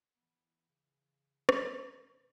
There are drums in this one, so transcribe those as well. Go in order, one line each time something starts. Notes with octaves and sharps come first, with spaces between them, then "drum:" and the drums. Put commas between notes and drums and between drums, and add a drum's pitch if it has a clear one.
E3 B3
C#3
drum: rim click
F1 B2 D#3 B4